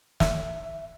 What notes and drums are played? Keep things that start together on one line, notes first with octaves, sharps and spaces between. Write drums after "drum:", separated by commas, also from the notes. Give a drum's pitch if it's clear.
E5, drum: snare